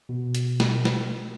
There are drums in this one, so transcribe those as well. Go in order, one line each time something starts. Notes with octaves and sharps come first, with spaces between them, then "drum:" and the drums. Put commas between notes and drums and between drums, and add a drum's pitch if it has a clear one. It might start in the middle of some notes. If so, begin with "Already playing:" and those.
B2
drum: hi-hat
drum: snare
drum: snare